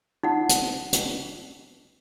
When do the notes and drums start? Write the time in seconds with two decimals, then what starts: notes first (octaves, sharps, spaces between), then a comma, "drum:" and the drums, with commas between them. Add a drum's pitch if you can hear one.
0.23 D#4 F#5
0.49 drum: hi-hat
0.93 drum: hi-hat